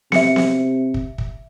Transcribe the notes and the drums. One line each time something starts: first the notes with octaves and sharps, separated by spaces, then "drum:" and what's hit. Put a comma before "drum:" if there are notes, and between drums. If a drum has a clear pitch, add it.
C3 E5 C#7, drum: snare B3
drum: snare B3
drum: kick
drum: kick